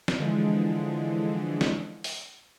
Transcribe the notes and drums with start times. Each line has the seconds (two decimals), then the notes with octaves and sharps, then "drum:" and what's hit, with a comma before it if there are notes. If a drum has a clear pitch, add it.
0.08 drum: snare
0.18 D3 E3 F3 G#3
1.61 drum: snare
2.04 drum: open hi-hat